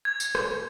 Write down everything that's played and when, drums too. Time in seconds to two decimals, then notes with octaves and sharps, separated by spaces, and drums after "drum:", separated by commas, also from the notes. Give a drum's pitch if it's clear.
0.05 G#6
0.20 drum: tambourine
0.35 drum: rim click